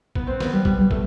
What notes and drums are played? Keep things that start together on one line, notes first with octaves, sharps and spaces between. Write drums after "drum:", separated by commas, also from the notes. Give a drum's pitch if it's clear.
B3, drum: kick
C4
B3, drum: snare
G3
G3, drum: kick
G3
A3, drum: kick